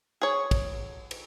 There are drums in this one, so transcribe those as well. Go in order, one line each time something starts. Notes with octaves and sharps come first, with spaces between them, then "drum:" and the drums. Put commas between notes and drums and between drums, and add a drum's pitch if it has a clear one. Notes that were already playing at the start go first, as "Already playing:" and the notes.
G#4 C#5
drum: kick, cymbal
drum: cymbal